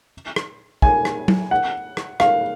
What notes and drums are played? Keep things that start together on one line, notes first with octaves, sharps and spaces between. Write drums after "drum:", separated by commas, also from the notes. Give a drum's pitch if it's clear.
drum: rim click
G#5, drum: kick
drum: rim click
drum: tom F#3
F#5
drum: rim click
F5, drum: rim click